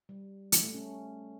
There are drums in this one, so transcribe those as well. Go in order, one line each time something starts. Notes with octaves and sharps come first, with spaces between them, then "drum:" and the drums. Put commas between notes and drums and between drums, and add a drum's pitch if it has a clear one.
G3
drum: hi-hat
A3
C#4